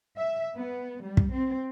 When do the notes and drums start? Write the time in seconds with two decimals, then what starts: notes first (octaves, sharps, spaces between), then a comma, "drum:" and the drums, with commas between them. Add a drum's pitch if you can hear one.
0.18 E5
0.56 B3
1.02 G3
1.17 drum: kick
1.31 C4